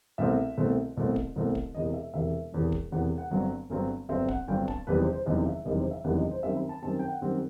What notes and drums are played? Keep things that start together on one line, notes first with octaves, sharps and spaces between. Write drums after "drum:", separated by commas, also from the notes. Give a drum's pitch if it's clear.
C2 B2 A3 C4 E5
C2 B2 A3 C4
C2 B2 A3 C4
drum: kick
C2 B2 A3 C4
drum: kick
E1 E2 C3 D#5
E5
E1 E2 C3 E5
E1 E2 C3
drum: kick
E1 E2 C3 F#5
F#5
G1 G2 F#3 C4
G1 G2 F#3 C4
G1 G2 F#3 C4 E5
F#5, drum: kick
G1 G2 F#3 C4 G5
A5, drum: kick
F#1 E2 C3 D#3 G3 B4
C5
C5
F#1 E2 C3 D#3 G3 D#5
E5
F#1 E2 C3 D#3 G3 D#5
C5
E5
F#1 E2 C3 D#3 G3 F#5
D#5
C5
F#2 D#3 G3 C4 E5
B5
A5
F#2 D#3 G3 C4 A5
G5
F#5
F#2 D#3 G3 C4